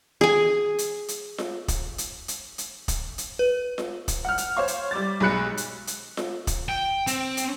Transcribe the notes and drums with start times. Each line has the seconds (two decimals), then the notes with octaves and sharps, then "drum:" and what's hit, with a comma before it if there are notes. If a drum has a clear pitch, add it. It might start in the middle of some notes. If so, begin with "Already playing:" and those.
0.21 G#4 G#5
0.79 drum: hi-hat
1.08 drum: hi-hat
1.38 drum: snare F4
1.68 drum: kick, hi-hat
1.98 drum: hi-hat
2.28 drum: hi-hat
2.58 drum: hi-hat
2.88 drum: kick, hi-hat
3.18 drum: hi-hat
3.39 B4
3.78 drum: snare F4
4.08 drum: kick, hi-hat
4.25 F#5 F6
4.38 drum: hi-hat
4.57 C5 C#5 F5 C#6
4.68 drum: hi-hat
4.91 G3 D6 A6
5.20 B1 G#3 B5 F#6 C#7
5.57 drum: hi-hat
5.87 drum: hi-hat
6.17 drum: snare F4
6.47 drum: kick, hi-hat
6.69 G5
7.07 C4, drum: hi-hat
7.37 drum: hi-hat